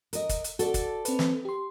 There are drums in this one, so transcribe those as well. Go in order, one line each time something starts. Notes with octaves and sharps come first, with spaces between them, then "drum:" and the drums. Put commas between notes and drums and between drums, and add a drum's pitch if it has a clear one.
A#4 D#5, drum: hi-hat
drum: kick, hi-hat
drum: hi-hat
F#4 A4 D5, drum: hi-hat
drum: kick, hi-hat
C4 B4, drum: hi-hat
drum: snare
G4 C6